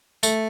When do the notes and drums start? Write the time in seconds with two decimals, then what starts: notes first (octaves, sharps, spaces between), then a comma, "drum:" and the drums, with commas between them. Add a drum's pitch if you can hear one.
0.23 A3, drum: tambourine